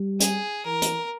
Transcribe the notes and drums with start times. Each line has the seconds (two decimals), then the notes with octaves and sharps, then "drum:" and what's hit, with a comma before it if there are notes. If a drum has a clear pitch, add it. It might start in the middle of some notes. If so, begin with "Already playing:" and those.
Already playing: G3
0.20 G#4, drum: hi-hat
0.66 E3 A#4
0.82 drum: hi-hat